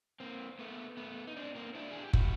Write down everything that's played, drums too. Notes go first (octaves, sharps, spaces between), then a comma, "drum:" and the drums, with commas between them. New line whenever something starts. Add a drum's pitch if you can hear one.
A#3 C4
A3 B3
A3 B3
D#4
C4 D4
A#3 C4
D4 E4
G#4
G4
E4 F#4, drum: kick